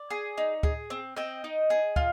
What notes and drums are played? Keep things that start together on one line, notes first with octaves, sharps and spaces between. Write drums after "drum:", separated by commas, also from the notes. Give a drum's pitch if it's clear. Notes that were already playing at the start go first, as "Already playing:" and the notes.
Already playing: D5
G#4
D#4
G#4, drum: kick
C4
C4 D#5 G5
D#4
G#4
F4, drum: kick